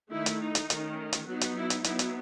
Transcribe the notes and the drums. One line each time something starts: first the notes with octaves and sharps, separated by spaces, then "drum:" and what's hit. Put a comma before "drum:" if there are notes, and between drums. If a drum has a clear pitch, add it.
D#3 A3 D#4 E4
drum: hi-hat
D#4
drum: hi-hat
D#3 A3 C#4, drum: hi-hat
drum: hi-hat
F#3 B3 D#4 F#4
drum: hi-hat
E4
drum: hi-hat
F#3 B3 D#4 E4, drum: hi-hat
drum: hi-hat